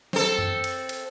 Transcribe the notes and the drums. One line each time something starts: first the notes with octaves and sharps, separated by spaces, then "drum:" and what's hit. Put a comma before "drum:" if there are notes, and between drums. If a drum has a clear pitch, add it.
C4 A4, drum: snare
drum: tom F#2
drum: cymbal
drum: cymbal